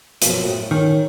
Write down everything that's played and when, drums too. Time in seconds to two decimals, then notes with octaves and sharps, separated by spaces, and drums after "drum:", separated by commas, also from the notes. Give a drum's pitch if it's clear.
0.22 F#2 B2 F3, drum: hi-hat
0.44 A2 G5 D#6
0.71 D#3 C#4 G#4